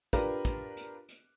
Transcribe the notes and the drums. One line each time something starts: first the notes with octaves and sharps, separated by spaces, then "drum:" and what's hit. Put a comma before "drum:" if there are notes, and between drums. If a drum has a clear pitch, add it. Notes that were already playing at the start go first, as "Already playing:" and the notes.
D4 F4 G4 A#4 B4, drum: kick, hi-hat
drum: kick, hi-hat
drum: hi-hat
drum: hi-hat